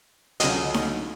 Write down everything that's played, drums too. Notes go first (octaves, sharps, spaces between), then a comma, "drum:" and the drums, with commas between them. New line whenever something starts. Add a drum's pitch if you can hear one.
C#2 D3 F#3 D#5, drum: hi-hat
drum: snare D#4